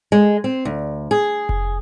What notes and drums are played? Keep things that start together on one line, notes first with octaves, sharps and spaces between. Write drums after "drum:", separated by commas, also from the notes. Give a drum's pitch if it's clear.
G#3
C4
D2
G#4
drum: kick F1